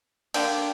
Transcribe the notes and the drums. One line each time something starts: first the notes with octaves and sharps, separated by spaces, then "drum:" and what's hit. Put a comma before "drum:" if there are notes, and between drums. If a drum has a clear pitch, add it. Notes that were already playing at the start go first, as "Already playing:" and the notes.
D3 A#3 D4 G4, drum: cymbal